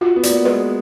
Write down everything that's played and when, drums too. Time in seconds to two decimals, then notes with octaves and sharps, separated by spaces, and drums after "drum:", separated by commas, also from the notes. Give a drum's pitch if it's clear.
0.01 F4 F#4
0.16 B3
0.23 D5, drum: hi-hat
0.30 A#3
0.45 G#3 B4